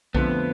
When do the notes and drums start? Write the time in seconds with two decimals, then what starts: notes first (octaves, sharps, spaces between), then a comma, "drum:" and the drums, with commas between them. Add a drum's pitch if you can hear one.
0.15 F2 D3 F3 A3 B3 C4, drum: kick B1